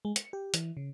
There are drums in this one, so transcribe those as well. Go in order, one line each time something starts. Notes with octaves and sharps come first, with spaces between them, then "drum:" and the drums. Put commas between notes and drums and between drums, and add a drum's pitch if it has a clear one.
G#3
C#7, drum: hi-hat
G4
E3, drum: hi-hat
C#3